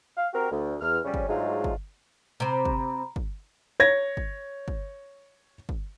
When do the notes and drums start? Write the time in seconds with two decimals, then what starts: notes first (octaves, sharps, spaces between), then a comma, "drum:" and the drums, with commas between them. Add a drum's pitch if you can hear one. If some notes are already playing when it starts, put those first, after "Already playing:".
0.17 F5
0.34 C4 F#4 G4 A#4
0.51 D2
0.81 E2 F6
1.04 F2 C#3 G3 C#4
1.14 drum: kick
1.29 G#2 F#3 G#3 A3 D4 F4
1.64 drum: kick
2.40 C3 C4 A#5 B5
2.65 drum: kick
3.16 drum: kick
3.80 C#5 G#6 A#6
4.17 drum: kick
4.68 drum: kick
5.69 drum: kick